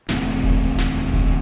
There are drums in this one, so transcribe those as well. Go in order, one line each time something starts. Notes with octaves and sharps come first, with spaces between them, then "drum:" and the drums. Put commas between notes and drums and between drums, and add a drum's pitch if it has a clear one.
D1 E2 C3 A3, drum: snare
drum: kick E1
drum: snare
drum: kick E1